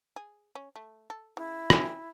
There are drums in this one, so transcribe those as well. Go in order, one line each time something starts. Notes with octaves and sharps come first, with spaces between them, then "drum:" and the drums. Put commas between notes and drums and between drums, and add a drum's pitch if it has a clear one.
G#4
C#4
A3
A4
C#3 E4
C#4 G5 G#5, drum: rim click